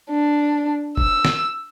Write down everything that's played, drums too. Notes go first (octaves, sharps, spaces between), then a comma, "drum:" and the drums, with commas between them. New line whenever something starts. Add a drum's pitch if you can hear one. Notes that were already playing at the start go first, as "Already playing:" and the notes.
D4
E6, drum: kick F#1
drum: snare